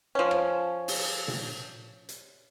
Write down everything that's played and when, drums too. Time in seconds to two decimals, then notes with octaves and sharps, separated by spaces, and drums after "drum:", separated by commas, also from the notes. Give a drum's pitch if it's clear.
0.15 F3 C#4
0.31 drum: rim click
0.88 drum: open hi-hat
1.28 drum: tom A#2
2.09 drum: hi-hat